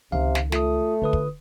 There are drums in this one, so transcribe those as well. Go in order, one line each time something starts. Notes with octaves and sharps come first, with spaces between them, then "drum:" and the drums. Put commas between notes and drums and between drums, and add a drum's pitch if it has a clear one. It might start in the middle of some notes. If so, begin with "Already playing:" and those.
C#2 C3 D#3 F5
drum: snare
A3 F4 D#6, drum: snare
D3 F4 B4 D#6
drum: kick